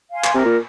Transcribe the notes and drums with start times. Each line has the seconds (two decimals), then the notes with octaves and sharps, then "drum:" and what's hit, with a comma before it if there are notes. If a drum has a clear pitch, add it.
0.11 F5 G#5 C6
0.24 drum: clap
0.34 C3 A#4
0.46 A#2